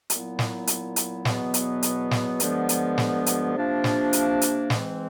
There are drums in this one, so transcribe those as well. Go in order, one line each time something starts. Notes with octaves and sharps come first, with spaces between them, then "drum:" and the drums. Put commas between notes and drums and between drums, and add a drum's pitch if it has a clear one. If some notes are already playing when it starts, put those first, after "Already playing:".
A#2 F#3 B3 E4, drum: hi-hat
drum: snare
drum: hi-hat
drum: hi-hat
E2 B2 F#3 B3, drum: snare
drum: hi-hat
drum: hi-hat
drum: snare
G2 D3 F3 G#3 B3, drum: hi-hat
drum: hi-hat
drum: snare
drum: hi-hat
C3 F3 A#3 D4
drum: snare
drum: hi-hat
drum: hi-hat
G#2 E3 G#3 C4, drum: snare